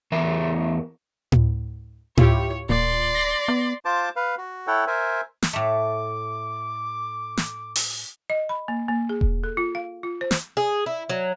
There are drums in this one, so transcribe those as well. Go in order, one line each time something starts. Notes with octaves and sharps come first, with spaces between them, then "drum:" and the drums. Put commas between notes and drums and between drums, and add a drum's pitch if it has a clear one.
E2 E3 A#4 E5
drum: tom A2
E4 F4 G4 C#5, drum: tom A2
D1 A#2 D5 C6
A#6 C7
B3
F4 C5 A5 D6
B4 F5
F#4
E4 A4 C#5 F#5 G5
A#4 C5 E5 G#5
drum: snare
A2 A3 D6
drum: snare
drum: open hi-hat
D#5
B5
A#3
A#3
G#4
drum: kick E1
A4
F4
F5
F4
C5
drum: snare
G#4
E4
F#3